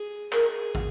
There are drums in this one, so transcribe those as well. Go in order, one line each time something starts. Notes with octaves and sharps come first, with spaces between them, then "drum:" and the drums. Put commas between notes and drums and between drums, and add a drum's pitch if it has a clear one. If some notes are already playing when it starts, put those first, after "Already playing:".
Already playing: G#4
G#4 A#4, drum: clap
drum: kick